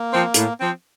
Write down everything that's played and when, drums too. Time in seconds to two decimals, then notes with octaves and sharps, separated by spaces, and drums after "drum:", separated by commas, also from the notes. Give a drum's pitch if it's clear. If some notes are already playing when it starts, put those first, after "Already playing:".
Already playing: A#3
0.11 F3 C4
0.34 A2, drum: hi-hat
0.59 F3 C4